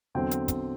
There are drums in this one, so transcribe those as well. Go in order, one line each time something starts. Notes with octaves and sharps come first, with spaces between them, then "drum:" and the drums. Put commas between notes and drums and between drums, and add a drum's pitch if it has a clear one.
E2 D3 F#3 C4 G5
drum: hi-hat
drum: kick, hi-hat